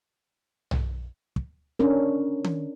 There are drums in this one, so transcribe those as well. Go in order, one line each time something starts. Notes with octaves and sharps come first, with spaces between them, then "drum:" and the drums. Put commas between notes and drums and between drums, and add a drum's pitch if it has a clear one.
drum: tom B1
drum: kick
C#4 D4 A#4
drum: tom D#3